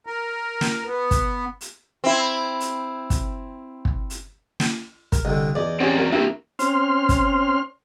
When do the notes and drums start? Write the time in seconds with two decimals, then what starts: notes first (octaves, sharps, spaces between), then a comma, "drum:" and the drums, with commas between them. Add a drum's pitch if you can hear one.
0.06 A#4
0.61 drum: snare
0.87 B3
1.11 drum: kick, hi-hat
1.61 drum: hi-hat
2.04 C4 E4
2.60 drum: hi-hat
3.10 drum: kick, hi-hat
3.85 drum: kick
4.10 drum: hi-hat
4.60 drum: snare
5.12 A#4, drum: kick, hi-hat
5.25 C2 D3 D#5
5.55 E2 D5 D#5
5.80 C4 C#4 G4 G#4 D5 F#5
5.99 F#4 A#4
6.12 A#3 C4 D4 E4 G4
6.59 C4 C#4 C6 F6, drum: hi-hat
7.09 drum: kick, hi-hat